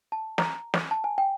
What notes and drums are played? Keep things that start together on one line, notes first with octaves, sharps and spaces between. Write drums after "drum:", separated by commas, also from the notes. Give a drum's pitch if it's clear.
A5
A#5, drum: snare
drum: snare
A5
G#5
G5